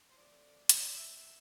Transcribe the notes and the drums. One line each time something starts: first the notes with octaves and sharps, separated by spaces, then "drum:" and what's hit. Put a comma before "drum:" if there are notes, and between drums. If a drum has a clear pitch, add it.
C5
D3 F3 A3 C4 D5
drum: hi-hat
E5
E5